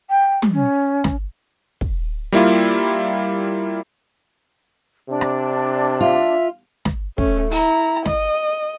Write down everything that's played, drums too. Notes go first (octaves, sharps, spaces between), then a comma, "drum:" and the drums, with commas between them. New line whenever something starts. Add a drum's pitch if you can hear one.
G5
drum: tom
C#4
drum: snare
drum: kick
G3 A#3 E4 F4, drum: hi-hat
C3 D4
drum: rim click
F4 E5
drum: snare
A3 C#4, drum: kick
E4 A#5, drum: open hi-hat
D#5, drum: snare